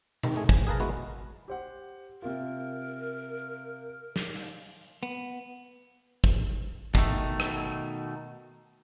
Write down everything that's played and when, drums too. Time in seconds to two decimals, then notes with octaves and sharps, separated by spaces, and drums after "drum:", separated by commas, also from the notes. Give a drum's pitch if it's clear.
0.23 C3 D#3, drum: tom B2
0.35 G#3 A3 G#4 G#5
0.49 A1 G#5, drum: kick
0.67 G#4 A#4 B4 F5 A5 A#5
0.80 G#3 B3 E4 F#4 B4 E5
1.48 G4 C5 F#5
2.22 C3 F4 A#4
4.16 drum: snare
4.34 drum: open hi-hat
5.03 B3
6.24 drum: kick
6.95 B2 D#3 A3, drum: kick
7.40 drum: rim click